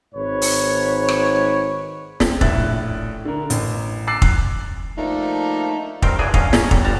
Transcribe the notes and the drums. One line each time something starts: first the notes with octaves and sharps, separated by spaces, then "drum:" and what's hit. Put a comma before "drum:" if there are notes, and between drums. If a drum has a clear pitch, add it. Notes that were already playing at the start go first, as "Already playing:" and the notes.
G#1 G#2 B4 C#5
drum: open hi-hat
drum: rim click
C4, drum: snare
A#1 A2 E5 F#6 A6, drum: kick
D3 A#4
A1, drum: hi-hat
D6 E6 F#6 A6 C7
drum: kick
F3 A3 A#3 D4 D#4
G2 D#3 C4 A#4 G5, drum: kick
E3 F#3 D4 G#4 D#5
D2 C#4 D#5 F5, drum: kick
C#4 A#5, drum: snare
F#3 G3, drum: kick
G1 G3 A5 A#5